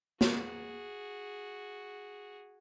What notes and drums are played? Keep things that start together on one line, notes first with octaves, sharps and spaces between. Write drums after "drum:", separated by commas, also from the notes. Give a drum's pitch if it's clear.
F#4 G#4, drum: snare